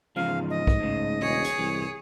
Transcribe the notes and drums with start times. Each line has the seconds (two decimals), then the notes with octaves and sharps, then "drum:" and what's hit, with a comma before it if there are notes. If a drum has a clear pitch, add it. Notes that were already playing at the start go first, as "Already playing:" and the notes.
0.16 E2 G#2 C#3 F3 F5
0.50 D#5
0.67 drum: kick B1
0.80 A2 C#3
1.22 E1 G#4 C#5
1.44 drum: hi-hat
1.58 C2 E3